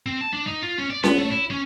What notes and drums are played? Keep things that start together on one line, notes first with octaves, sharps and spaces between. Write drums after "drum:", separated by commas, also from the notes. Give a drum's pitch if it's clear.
C4
A5
D4
D#4
F4
C#4
D5
B3, drum: snare C#4
A3
E4
C#4